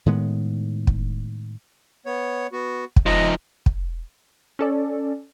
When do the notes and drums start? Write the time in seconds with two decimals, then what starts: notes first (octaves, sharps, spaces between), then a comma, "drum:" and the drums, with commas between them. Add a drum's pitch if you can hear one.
0.06 A2 D#3 G#3 B3
0.87 drum: kick
2.06 B3 C#5
2.52 B3 F#4
2.96 drum: kick
3.06 F3 D#4 D#5
3.66 drum: kick
4.59 C#4 A4 D5